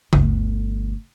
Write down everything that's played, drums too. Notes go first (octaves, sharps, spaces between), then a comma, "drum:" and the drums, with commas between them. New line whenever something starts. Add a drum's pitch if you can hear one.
G1 D2, drum: tom C#3